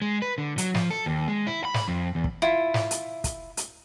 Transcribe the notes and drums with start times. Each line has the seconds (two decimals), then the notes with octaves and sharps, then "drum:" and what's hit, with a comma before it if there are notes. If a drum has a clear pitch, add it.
0.02 G#3
0.22 B4
0.38 D3
0.58 F#3, drum: hi-hat
0.75 F3, drum: snare
0.91 A4
1.06 D#2
1.28 G#3
1.47 E4
1.65 B5
1.74 drum: snare
1.88 F2
2.15 E2
2.24 drum: kick
2.42 E4 F4
2.74 drum: snare
2.91 drum: hi-hat
3.24 drum: kick, hi-hat
3.57 drum: hi-hat